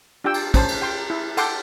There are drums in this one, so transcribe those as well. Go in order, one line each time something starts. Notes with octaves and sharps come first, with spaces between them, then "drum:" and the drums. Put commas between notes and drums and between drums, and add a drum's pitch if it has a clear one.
D4 F4 G4 G5 E6
drum: cymbal
C#4 C5 A5, drum: kick, cymbal
drum: cymbal
G5 C6
E4
A4 F#5 G5 A5 C6 D6, drum: cymbal